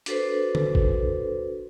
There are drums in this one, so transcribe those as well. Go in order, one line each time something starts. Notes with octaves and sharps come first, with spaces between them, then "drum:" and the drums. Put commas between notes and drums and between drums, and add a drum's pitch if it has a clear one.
D4 F#4 A4 B4 C5, drum: hi-hat
drum: tom D3
drum: kick